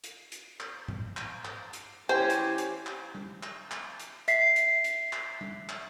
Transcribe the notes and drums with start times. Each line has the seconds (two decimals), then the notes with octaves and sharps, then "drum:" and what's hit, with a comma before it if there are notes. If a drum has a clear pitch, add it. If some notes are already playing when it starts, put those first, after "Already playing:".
0.04 drum: hi-hat
0.32 drum: hi-hat
0.60 drum: clap
0.88 drum: tom G#2
1.17 drum: clap
1.45 drum: clap
1.73 drum: hi-hat
2.09 E3 C#4 G4 C5 G5 G#5
2.30 drum: hi-hat
2.58 drum: hi-hat
2.86 drum: clap
3.15 drum: tom
3.43 drum: clap
3.71 drum: clap
4.00 drum: hi-hat
4.28 E5 B6 C7, drum: hi-hat
4.56 drum: hi-hat
4.84 drum: hi-hat
5.13 drum: clap
5.41 drum: tom
5.69 drum: clap